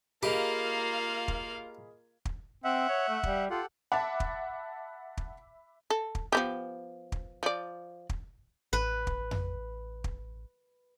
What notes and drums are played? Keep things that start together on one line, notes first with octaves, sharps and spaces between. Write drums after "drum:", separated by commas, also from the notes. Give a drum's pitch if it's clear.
A#3 F4 G4 G#4 A#4 D#5 F5 B5
drum: kick
drum: kick
C4 E5 F#5
C#5
A3
G3, drum: kick
F4 G4 A4 F#5
E5 F#5 A5 B5 D6
drum: kick
drum: kick
A4
drum: kick
F3 B3 G4
drum: kick
F3 D5
drum: kick
A1 B4
drum: kick
drum: tom F2
drum: kick